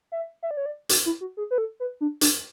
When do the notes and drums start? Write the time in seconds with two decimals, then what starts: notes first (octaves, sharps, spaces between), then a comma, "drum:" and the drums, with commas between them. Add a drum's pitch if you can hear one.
0.12 E5
0.43 E5
0.51 D5
0.57 C#5
0.66 D5
0.89 F#4, drum: hi-hat
1.06 E4
1.21 F#4
1.37 G#4
1.51 B4
1.58 A4
1.80 B4
2.01 D4
2.21 D4, drum: hi-hat